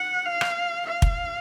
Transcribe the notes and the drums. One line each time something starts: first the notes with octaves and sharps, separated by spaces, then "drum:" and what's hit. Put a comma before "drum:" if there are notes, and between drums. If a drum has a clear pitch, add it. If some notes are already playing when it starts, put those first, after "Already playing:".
Already playing: F#5
F5
drum: rim click
F5
drum: kick